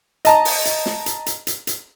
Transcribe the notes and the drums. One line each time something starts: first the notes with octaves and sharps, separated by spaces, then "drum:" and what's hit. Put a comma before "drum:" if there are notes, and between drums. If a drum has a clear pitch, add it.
D#5 A5 A#5, drum: hi-hat
drum: open hi-hat
drum: hi-hat
drum: snare
drum: hi-hat
drum: hi-hat
drum: hi-hat
drum: hi-hat